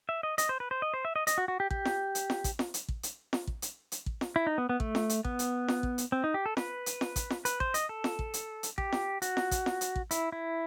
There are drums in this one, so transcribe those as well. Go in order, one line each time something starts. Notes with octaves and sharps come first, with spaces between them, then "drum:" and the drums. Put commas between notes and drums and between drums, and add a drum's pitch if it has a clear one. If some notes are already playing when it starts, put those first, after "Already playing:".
E5
D#5
D#5, drum: hi-hat
C5
B4
C5
D#5
C5
E5
D#5
D#5, drum: hi-hat
F#4
F#4
G4
G4, drum: kick
drum: snare
drum: hi-hat
drum: snare
drum: kick, hi-hat
drum: snare
drum: hi-hat
drum: kick
drum: hi-hat
drum: snare
drum: kick
drum: hi-hat
drum: hi-hat
drum: kick
drum: snare
E4
D#4
B3
B3
A3, drum: kick
drum: snare
drum: hi-hat
B3, drum: kick
drum: hi-hat
drum: snare
drum: kick
drum: hi-hat
C4
D#4
G4
A4
B4, drum: snare
drum: hi-hat
drum: snare
drum: kick, hi-hat
drum: snare
B4, drum: hi-hat
C5, drum: kick
D#5, drum: hi-hat
A4
drum: snare
drum: kick
drum: hi-hat
drum: hi-hat
G4, drum: kick
drum: snare
F#4, drum: hi-hat
drum: snare
drum: kick, hi-hat
drum: snare
drum: hi-hat
drum: kick
E4, drum: hi-hat
E4